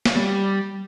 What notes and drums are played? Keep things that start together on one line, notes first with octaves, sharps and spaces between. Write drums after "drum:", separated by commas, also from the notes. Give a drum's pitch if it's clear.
drum: snare A#3
G3